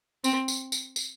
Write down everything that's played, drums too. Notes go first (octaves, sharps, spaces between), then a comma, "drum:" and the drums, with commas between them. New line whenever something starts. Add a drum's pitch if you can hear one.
C4, drum: tambourine
drum: tambourine
drum: tambourine
drum: tambourine